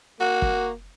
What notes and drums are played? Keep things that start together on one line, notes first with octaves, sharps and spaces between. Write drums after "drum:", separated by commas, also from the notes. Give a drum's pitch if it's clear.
A#3 F#4
drum: kick